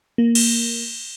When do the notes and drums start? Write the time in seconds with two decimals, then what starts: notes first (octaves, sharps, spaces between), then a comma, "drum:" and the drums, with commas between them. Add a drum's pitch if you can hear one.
0.18 A#3
0.35 drum: cymbal